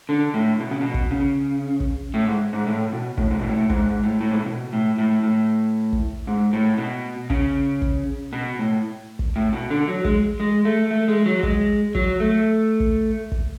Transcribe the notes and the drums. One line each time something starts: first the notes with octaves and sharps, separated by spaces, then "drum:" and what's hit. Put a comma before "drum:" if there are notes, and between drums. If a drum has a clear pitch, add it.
D3
A2
B2
C#3
B2
drum: kick
C#3
drum: kick
A2
G#2
G#2
A2
B2
A2, drum: kick
G#2
B2
A2
A2
G#2, drum: kick
G#2
A2
A2
G#2
A2
B2
A2
A2
A2
drum: kick
G#2
A2
B2
C#3, drum: kick
drum: kick
B2
A2
drum: kick
A2
B2
D3
F#3
G#3, drum: kick
G#3
A3
A3
G#3
F#3
G#3, drum: kick
F#3, drum: kick
A3
drum: kick
drum: kick